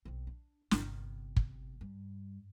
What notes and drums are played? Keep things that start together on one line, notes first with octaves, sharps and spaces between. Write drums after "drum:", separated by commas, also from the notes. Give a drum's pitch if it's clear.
B1 C4
D4
G1 C3, drum: snare
drum: kick
G2